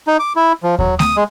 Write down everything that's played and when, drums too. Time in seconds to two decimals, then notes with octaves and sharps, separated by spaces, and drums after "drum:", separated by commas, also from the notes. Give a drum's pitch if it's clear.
0.07 D#4
0.19 D6
0.36 E4
0.63 F3
0.79 F#3, drum: kick D#2
0.99 D#6, drum: snare A3
1.17 G#3